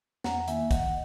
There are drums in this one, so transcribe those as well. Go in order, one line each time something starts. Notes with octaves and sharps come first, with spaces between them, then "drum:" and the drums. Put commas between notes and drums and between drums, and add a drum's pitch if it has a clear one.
E2 F#5 A#5, drum: snare
A#5
D#3 A#3 E4 E5 G#5, drum: hi-hat
D#3 D#5 F#5, drum: kick, hi-hat